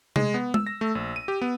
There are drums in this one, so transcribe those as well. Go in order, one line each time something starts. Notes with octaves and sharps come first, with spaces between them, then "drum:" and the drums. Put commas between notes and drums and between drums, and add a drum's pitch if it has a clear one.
G#3, drum: tom C3
B3
E6, drum: tom
A#6
A3
A#1
D#7
G4
B3